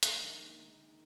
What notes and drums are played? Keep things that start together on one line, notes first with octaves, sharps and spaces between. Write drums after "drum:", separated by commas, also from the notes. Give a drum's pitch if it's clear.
A#1 A#3, drum: hi-hat
G#3
D#3 A#3
A#1 A#3
D#3 G#3
D#3